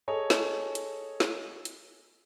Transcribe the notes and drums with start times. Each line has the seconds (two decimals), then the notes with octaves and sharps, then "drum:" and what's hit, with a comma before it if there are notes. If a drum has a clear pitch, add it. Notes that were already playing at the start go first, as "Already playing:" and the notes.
0.08 G#4 A4 C#5 D#5 G#5
0.30 drum: snare
0.75 drum: hi-hat
1.20 drum: snare
1.65 drum: hi-hat